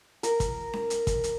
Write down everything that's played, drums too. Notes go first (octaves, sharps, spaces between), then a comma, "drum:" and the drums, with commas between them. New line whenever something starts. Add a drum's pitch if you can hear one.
A#4, drum: hi-hat
drum: kick, hi-hat
drum: snare C#4
drum: hi-hat
drum: kick, hi-hat
drum: hi-hat